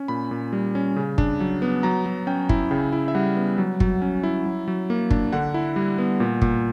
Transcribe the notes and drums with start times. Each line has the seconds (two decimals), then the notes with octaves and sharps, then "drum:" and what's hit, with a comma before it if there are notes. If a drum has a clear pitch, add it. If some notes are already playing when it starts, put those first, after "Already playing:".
Already playing: C#4
0.08 A#2 B5
0.31 A#2
0.53 G3
0.75 C#4
0.96 C#3
1.18 D4, drum: kick
1.40 F#3
1.62 B3
1.83 F#3 A#5
2.06 F#3
2.27 C#4 G5
2.49 E4, drum: kick
2.71 C#3 G5
2.93 E4
3.08 E5
3.15 G3 F#5
3.36 B3
3.58 F#3
3.80 F#3, drum: kick
4.02 C#4
4.23 E4
4.46 F#3
4.68 F#3
4.90 A#3
5.11 D4, drum: kick
5.33 D3 F#5
5.54 E4
5.76 G3
5.98 B3
6.20 A#2
6.42 A#2, drum: kick